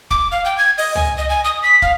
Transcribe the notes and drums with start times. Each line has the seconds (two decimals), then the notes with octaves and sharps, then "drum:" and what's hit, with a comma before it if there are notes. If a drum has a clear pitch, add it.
0.11 D6, drum: kick
0.32 F5
0.45 G5
0.58 G#6
0.78 D#5, drum: open hi-hat
0.95 G#5, drum: tom C#2
1.17 D#5
1.29 G#5
1.45 D#6
1.63 B6
1.82 F5, drum: kick